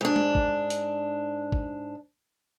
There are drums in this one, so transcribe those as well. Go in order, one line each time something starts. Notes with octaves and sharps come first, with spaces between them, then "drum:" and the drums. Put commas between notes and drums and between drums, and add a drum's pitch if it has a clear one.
G#2 D4
drum: tom
drum: kick
drum: hi-hat
drum: kick